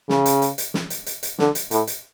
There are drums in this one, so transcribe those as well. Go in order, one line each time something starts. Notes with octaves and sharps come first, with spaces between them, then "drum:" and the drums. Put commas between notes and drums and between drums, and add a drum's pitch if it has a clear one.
C#3, drum: snare
drum: hi-hat
drum: hi-hat
drum: hi-hat
drum: snare
drum: hi-hat
drum: hi-hat
drum: hi-hat
D3, drum: snare
drum: hi-hat
A2, drum: hi-hat
drum: hi-hat